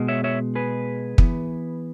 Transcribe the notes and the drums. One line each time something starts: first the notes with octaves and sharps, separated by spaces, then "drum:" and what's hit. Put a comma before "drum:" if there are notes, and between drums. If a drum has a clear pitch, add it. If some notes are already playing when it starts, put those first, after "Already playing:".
Already playing: B2 G#3
C#5 E5
C#5 E5
G#4 B4
E3 B3, drum: kick